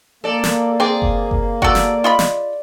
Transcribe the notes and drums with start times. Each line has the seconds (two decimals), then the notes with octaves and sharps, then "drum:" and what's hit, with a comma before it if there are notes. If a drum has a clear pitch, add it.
0.24 A#3 A4 D5
0.44 drum: snare
0.80 C4 G#4 D5
1.02 drum: kick F#1
1.31 drum: kick F#1
1.62 F#4 A4 D5, drum: kick F#1
1.75 drum: snare
2.04 F4 D#5 B5
2.19 drum: snare